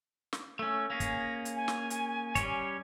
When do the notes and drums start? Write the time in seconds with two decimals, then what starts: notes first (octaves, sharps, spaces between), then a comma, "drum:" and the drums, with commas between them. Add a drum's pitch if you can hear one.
0.33 drum: snare
0.59 A3 C#4 E6
0.90 A#3 C#4 G#4 A#6
1.00 drum: kick, hi-hat
1.45 drum: hi-hat
1.56 G#5
1.68 drum: snare
1.90 drum: hi-hat
2.35 G3 C#4 C#5, drum: kick, hi-hat